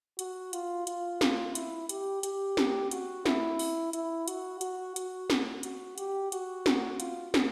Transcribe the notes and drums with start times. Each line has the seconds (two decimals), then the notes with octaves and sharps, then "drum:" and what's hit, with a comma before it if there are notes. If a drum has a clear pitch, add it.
0.19 F#4, drum: hi-hat
0.53 F4, drum: hi-hat
0.87 F4, drum: hi-hat
1.21 drum: snare
1.55 E4, drum: hi-hat
1.89 G4, drum: hi-hat
2.23 G4, drum: hi-hat
2.57 drum: snare
2.91 F#4, drum: hi-hat
3.26 E4, drum: snare
3.59 drum: open hi-hat
3.93 E4, drum: hi-hat
4.28 F#4, drum: hi-hat
4.61 F#4, drum: hi-hat
4.96 F#4, drum: hi-hat
5.30 drum: snare
5.63 F#4, drum: hi-hat
5.98 G4, drum: hi-hat
6.32 F#4, drum: hi-hat
6.66 drum: snare
7.00 F4, drum: hi-hat
7.34 drum: snare